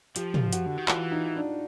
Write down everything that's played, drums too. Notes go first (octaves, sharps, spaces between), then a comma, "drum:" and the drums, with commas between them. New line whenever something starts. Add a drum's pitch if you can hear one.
F3 G4, drum: hi-hat
drum: tom
F#4, drum: hi-hat
D3
D#3
E3 F4, drum: clap
D#4
D4